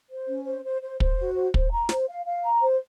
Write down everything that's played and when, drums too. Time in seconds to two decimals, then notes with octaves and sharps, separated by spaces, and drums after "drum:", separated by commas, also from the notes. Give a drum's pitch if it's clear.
0.10 C5
0.27 C#4
0.45 C5
0.64 C5
0.82 C5
1.00 C5, drum: kick
1.18 F#4
1.36 C5
1.54 C5, drum: kick
1.71 A#5
1.89 C5, drum: snare
2.08 F5
2.25 F5
2.43 A#5
2.61 C5